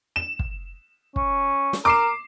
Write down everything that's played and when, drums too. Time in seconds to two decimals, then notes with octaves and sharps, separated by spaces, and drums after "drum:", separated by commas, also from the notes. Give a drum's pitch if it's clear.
0.16 E7
0.39 drum: kick
1.16 C#4, drum: kick
1.73 drum: snare
1.85 A#4 D6 C7 E7